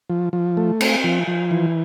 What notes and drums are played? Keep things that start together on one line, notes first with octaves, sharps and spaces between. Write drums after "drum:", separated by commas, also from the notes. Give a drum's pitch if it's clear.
F3
F3
A3
C4, drum: cymbal
F3
F3
E3